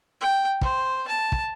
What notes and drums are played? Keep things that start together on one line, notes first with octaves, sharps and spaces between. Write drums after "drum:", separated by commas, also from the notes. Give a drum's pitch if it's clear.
G5
C5, drum: kick
A5
drum: kick